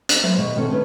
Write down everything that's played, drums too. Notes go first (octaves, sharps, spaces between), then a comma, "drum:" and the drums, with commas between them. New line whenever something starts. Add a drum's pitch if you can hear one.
drum: hi-hat
F#3 A#3 B3 C#4 C5 E5
B2 D#3 G#3
D#3 C4 C#4 A4 C#5
D#3 A3 C#4 B4